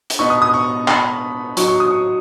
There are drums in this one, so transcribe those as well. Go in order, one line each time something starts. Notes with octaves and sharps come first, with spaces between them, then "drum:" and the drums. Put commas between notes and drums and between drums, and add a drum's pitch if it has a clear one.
drum: hi-hat
B2 B3 D#4 C#6
D#6
D#6
C#6
B5, drum: clap
F#3 D#4 C#6, drum: hi-hat
C#6
D#6
C#6